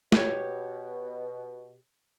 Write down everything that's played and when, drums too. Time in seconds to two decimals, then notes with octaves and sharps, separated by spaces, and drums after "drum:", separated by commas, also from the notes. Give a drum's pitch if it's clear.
0.12 B2 G4 C#5, drum: snare